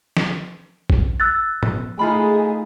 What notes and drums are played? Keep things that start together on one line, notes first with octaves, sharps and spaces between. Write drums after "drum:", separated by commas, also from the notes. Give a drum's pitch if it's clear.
drum: snare
drum: kick
E6 F#6 A6
drum: tom
G#3 A3 D#4 F4 G#4 B5